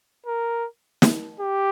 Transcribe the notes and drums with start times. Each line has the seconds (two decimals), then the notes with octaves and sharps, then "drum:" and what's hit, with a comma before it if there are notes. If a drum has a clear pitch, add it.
0.26 A#4
1.02 drum: snare
1.40 G4